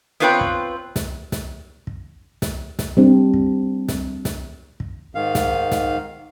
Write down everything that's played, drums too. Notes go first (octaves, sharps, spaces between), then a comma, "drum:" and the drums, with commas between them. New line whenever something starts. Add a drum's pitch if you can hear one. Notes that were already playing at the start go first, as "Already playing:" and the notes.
B3 C4 F4 B4 C#5 G5
drum: kick
drum: snare
drum: snare
drum: kick
drum: snare
drum: snare
G3 C4 D4
drum: kick
drum: snare
drum: snare
drum: kick
G#2 D#3 F5
drum: snare
drum: snare